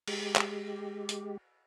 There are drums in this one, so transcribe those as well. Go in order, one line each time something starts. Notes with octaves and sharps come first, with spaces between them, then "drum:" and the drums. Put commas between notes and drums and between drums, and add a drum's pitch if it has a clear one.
G#3 G4, drum: cymbal
drum: clap
drum: hi-hat